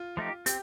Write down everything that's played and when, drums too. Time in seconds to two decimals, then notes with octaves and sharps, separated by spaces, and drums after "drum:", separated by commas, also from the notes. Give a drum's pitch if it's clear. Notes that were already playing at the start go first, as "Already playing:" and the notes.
Already playing: F4
0.17 F3 A3 D#4 G4
0.46 C4 G4, drum: hi-hat